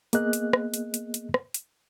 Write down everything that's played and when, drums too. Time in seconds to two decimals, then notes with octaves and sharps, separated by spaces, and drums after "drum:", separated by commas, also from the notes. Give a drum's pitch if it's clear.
0.13 A#3 B3 G#4 D#5 F#6, drum: hi-hat
0.33 drum: hi-hat
0.53 drum: rim click
0.74 drum: hi-hat
0.94 drum: hi-hat
1.14 drum: hi-hat
1.34 drum: rim click
1.54 drum: hi-hat